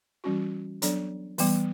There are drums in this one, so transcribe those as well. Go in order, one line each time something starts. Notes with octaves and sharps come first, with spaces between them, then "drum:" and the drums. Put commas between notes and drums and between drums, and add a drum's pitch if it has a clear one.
E3 G3 C#4 F#4
F#3 B3 D4 A4 D5, drum: hi-hat
E3 G3 B3, drum: open hi-hat